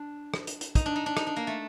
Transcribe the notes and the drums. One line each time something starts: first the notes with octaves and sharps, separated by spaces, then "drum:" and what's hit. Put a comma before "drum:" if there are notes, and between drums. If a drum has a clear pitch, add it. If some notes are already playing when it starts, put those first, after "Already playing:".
Already playing: D4
drum: rim click
drum: hi-hat
drum: hi-hat
D#4, drum: kick, hi-hat
D4
D#4
D4
D#4, drum: rim click
D4
A#3
A3